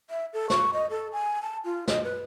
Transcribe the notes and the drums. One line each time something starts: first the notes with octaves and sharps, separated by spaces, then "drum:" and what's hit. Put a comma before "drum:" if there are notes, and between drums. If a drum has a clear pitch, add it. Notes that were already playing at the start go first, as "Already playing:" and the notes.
E5
A4
C#6, drum: snare
D#5
A4
G#5
A5
F4
D#5, drum: snare
B4